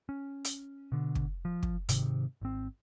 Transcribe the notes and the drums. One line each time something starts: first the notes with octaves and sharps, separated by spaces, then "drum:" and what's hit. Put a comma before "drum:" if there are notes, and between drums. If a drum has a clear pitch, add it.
C#4
drum: hi-hat
B2 D3
drum: kick
F3
drum: kick
G#2 C3 D#3, drum: hi-hat
G#1 C4